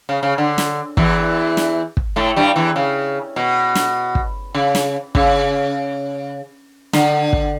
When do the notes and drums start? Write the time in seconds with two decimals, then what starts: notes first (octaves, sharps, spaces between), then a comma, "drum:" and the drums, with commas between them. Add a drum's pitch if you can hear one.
0.09 C#3
0.23 C#3
0.38 D3
0.58 drum: snare
0.97 E2 E3, drum: kick
1.57 drum: snare
1.97 drum: kick
2.16 A2 A3
2.36 G2 G3
2.56 E2 E3
2.76 C#3
3.36 B2
3.75 drum: snare
4.15 drum: kick
4.55 C#3
4.75 drum: snare
5.15 C#3, drum: kick
6.93 D3, drum: snare
7.33 drum: kick